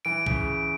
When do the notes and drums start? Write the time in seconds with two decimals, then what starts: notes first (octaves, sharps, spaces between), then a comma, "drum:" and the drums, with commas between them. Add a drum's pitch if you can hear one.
0.05 E3 D7
0.26 C#3, drum: kick